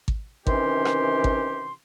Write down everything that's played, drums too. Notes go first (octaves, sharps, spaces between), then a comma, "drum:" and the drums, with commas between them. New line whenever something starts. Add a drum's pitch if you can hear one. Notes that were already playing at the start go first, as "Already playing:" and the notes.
drum: kick G#1
C3 D#3 E3 C#4 G4 C6, drum: kick G#1
drum: rim click
drum: kick G#1